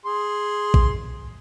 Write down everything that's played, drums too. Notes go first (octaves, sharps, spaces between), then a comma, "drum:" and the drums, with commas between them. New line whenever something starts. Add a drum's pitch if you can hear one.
G#4 C6
drum: kick